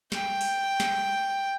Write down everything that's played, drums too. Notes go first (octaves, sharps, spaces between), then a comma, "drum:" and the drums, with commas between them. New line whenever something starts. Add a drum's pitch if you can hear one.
G5, drum: snare
drum: open hi-hat
drum: snare